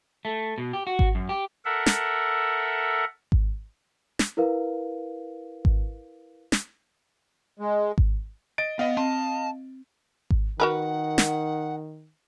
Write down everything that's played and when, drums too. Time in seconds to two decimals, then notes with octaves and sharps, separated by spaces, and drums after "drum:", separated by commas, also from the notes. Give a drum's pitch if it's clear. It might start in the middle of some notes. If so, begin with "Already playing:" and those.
0.25 A3
0.58 B2
0.73 G4
0.87 F#4
0.99 drum: kick G#1
1.15 F#2
1.29 G4
1.65 A4 A#4 E5 F#5
1.86 drum: snare
3.32 drum: kick G#1
4.19 drum: snare
4.37 E4 A#4 B4 F5
5.65 drum: kick G#1
6.52 drum: snare
7.60 G#3
7.98 drum: kick G#1
8.58 D#5 A6 D7
8.79 B3 D#5 F5
8.97 C4 A5
10.30 drum: kick G#1
10.60 D#3 F#4 A#4 B4 F#5
11.18 drum: snare